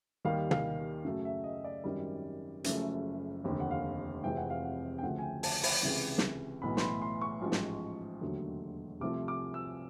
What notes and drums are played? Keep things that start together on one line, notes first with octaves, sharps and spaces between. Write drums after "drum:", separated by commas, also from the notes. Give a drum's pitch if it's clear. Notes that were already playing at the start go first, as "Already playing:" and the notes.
D#2 D#3 G3 F5
F5, drum: tom
F#2 C#3 F#3 A3
E5
D#5
D5
G#1 F#2 D#3 G3
F#1 F#2 C#3 F3 A3, drum: hi-hat
F1 D#2 D3
F#5
F5
F1 F2 C3 E3 G#3 G5
F#5
F5
F#5
G5
D2 C#3 F3 A3 F#5
G#5
G5
A5, drum: open hi-hat
B5, drum: open hi-hat
C#2 C3 E3
drum: snare
B1 A2 E3 B5
C6, drum: snare
B5
C6
C#6
A1 G#2 F3
drum: snare
E1 D#2 D3 F#3 A3
C2 C3 F3 A3 D6
D6
E6